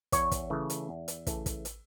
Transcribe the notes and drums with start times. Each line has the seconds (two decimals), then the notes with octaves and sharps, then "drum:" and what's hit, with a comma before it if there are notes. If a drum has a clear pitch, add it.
0.12 E2 C#5, drum: kick, hi-hat
0.31 drum: kick, hi-hat
0.50 C#3 E3 A3
0.70 drum: hi-hat
0.89 E2
1.08 drum: hi-hat
1.27 C#3 E3 A3, drum: kick, hi-hat
1.46 drum: kick, hi-hat
1.65 drum: hi-hat